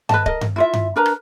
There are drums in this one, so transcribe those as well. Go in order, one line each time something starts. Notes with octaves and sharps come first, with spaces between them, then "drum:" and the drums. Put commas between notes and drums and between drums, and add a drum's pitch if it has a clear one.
B4 D#5 A5, drum: tom G2
A#4 D#5, drum: kick D1
drum: tom G2
E4 F4 E5
drum: tom G2
D4 A#4 B4 A#5
drum: rim click